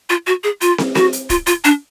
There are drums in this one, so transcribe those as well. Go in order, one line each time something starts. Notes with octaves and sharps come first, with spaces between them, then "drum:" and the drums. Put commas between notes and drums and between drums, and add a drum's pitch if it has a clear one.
F4
F#4
G#4
F4, drum: hi-hat
drum: snare
F#4, drum: snare
drum: hi-hat
F4, drum: kick, hi-hat
F4, drum: hi-hat
D4, drum: hi-hat